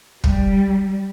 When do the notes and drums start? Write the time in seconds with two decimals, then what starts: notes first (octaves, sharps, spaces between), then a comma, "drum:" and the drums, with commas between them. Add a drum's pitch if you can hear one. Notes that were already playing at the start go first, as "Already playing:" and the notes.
0.24 G3, drum: kick